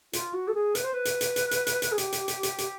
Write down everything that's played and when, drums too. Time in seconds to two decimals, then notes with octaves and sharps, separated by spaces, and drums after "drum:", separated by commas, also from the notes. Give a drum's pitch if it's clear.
0.13 F4, drum: hi-hat
0.33 F#4
0.48 A4
0.54 G#4
0.75 B4, drum: hi-hat
0.84 C5
0.94 B4
1.05 drum: hi-hat
1.21 drum: hi-hat
1.36 drum: hi-hat
1.51 drum: hi-hat
1.67 drum: hi-hat
1.82 drum: hi-hat
1.92 G#4
1.98 G4, drum: hi-hat
2.13 drum: hi-hat
2.28 drum: hi-hat
2.43 drum: hi-hat
2.58 drum: hi-hat